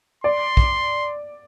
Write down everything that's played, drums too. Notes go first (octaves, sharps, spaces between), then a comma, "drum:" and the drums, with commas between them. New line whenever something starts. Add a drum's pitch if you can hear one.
D5 C6
drum: kick